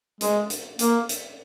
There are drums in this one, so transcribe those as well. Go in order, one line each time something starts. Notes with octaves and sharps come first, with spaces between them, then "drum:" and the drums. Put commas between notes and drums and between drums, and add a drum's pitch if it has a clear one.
G#3, drum: hi-hat
drum: hi-hat
A#3, drum: hi-hat
drum: hi-hat